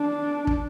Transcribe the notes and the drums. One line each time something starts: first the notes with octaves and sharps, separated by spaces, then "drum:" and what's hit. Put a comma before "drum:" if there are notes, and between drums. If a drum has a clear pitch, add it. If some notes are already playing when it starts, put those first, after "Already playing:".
Already playing: D4
drum: kick